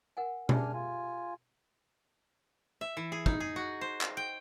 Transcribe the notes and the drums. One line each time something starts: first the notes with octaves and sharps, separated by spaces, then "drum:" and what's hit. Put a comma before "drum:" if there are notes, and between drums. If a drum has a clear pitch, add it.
A#4 F#5 G#5
D4 G4 G#4 E5 G#5 F6, drum: tom B2
F4 G#5
E5
E3
G#4
D#4, drum: kick
G#4
F#4
C5
drum: clap
G5